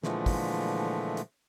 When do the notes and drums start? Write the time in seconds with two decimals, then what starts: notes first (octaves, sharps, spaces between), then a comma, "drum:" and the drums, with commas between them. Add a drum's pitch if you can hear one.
0.03 A#2 D3 E3 F3 G#3 A3, drum: snare
0.26 drum: kick, open hi-hat
1.17 drum: hi-hat